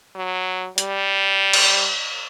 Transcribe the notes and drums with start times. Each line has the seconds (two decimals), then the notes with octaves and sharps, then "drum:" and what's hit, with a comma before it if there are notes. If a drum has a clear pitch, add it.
0.15 F#3
0.78 G3, drum: hi-hat
1.53 drum: cymbal